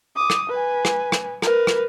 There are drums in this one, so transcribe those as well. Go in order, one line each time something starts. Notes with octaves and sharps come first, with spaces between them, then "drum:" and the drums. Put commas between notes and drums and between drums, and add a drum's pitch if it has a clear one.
D6 D#6
drum: rim click
B4 G#5
drum: rim click
drum: rim click
A#4 B4, drum: rim click
drum: rim click